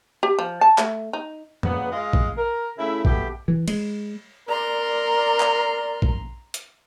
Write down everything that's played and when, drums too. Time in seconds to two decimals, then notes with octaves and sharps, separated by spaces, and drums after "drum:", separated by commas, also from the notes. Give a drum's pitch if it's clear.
0.23 G4
0.39 F3
0.61 A5
0.78 A3, drum: clap
1.13 D#4
1.63 A#2 C#3 B3, drum: tom
1.90 G#3 F4 D#5 F5
2.13 drum: kick A#1
2.37 A#4
2.77 C#3 A3 E4
3.05 B2 A3 G4, drum: kick A#1
3.48 E3
3.68 G#3, drum: cymbal
4.49 A#4 D5 A#5 C6
5.40 drum: clap
6.02 drum: kick A#1
6.54 drum: hi-hat